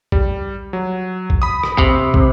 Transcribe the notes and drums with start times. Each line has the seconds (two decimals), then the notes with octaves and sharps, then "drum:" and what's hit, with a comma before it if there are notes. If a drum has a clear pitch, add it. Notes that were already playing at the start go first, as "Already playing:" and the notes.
0.12 G3, drum: kick
0.73 F#3
1.30 drum: kick
1.42 B5 D#6
1.63 drum: rim click
1.78 C3, drum: kick
2.14 drum: kick